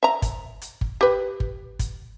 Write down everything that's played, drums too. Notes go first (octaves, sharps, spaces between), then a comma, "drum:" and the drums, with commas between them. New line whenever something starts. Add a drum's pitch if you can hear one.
E5 A#5
drum: kick G1, hi-hat
drum: hi-hat
drum: kick G1
G4 B4
drum: kick G1
drum: kick G1, hi-hat